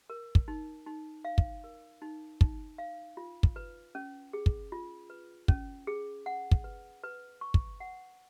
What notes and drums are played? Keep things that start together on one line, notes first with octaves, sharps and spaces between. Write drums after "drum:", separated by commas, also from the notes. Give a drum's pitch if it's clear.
A#4
drum: kick
D#4
D#4
F5
drum: kick
A#4
D#4
D#4, drum: kick
F5
F4
drum: kick
B4
C#4
G#4
drum: kick
F4
B4
C#4, drum: kick
G#4
F#5
drum: kick
B4
B4
C#6
drum: kick
F#5